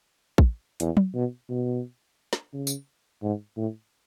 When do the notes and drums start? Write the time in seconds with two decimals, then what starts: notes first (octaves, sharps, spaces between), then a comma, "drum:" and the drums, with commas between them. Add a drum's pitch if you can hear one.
0.38 drum: kick
0.80 E2, drum: hi-hat
0.97 drum: tom F#3
1.15 B2
1.50 B2
2.33 drum: snare
2.53 C#3
2.67 drum: tambourine
3.23 G#2
3.57 A2